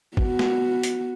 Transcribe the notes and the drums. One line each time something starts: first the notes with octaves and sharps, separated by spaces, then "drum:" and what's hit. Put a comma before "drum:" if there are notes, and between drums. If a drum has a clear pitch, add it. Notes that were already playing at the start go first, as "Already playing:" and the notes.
B3 F#4, drum: kick
drum: snare
drum: hi-hat